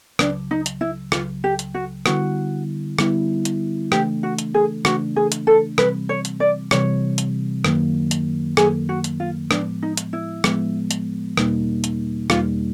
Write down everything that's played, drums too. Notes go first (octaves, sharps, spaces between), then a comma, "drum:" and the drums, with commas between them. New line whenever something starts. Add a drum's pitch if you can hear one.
C#2 C#3 F#3 D4, drum: rim click
D#4
drum: hi-hat
E4
C#2 C#3 F#3 F4, drum: rim click
G4
drum: hi-hat
F#4
D3 G3 B3 E4 F#4, drum: rim click
D3 G3 B3 E4, drum: rim click
drum: hi-hat
C#3 E3 A3 D4 G4, drum: rim click
F#4
drum: hi-hat
G#4
C#3 E3 A3 D4 F#4, drum: rim click
G#4
drum: hi-hat
A4
C3 E3 G3 C4 B4, drum: rim click
C#5
drum: hi-hat
D5
C3 E3 G3 C4 C#5, drum: rim click
drum: hi-hat
F#2 D#3 F#3 A#3, drum: rim click
drum: hi-hat
F#2 D#3 F#3 A#3 G#4, drum: rim click
F#4
drum: hi-hat
F4
A2 F3 G#3 B3 D4, drum: rim click
D#4
drum: hi-hat
E4
A2 F3 G#3 B3, drum: rim click
drum: hi-hat
E2 B2 G3 A#3 D#4, drum: rim click
drum: hi-hat
E2 B2 G3 A#3 D#4 F4, drum: rim click